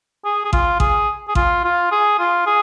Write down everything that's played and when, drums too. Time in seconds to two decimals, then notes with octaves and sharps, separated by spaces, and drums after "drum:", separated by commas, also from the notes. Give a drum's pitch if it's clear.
0.25 G#4
0.45 G#4
0.53 F4, drum: kick A1
0.80 G#4, drum: kick A1
1.28 G#4
1.35 F4, drum: kick A1
1.64 F4
1.91 G#4
2.19 F4
2.46 G#4